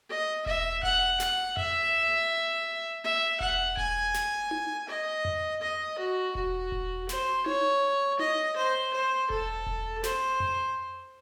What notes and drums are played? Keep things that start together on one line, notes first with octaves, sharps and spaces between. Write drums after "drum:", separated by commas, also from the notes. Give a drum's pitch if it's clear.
D#5
E5, drum: kick E1
F#5, drum: kick E1
F#5, drum: snare
E5, drum: tom F2
E5
F#5, drum: kick E1
G#5, drum: kick E1
drum: snare
drum: tom D#4
D#5
drum: tom F2
D#5
F#4
F#4, drum: kick E1
drum: kick E1
C5, drum: snare
C#5, drum: tom D#4
D#5, drum: tom D#4
C5
C5
A4, drum: kick E1
drum: kick E1
C5, drum: snare
drum: tom F2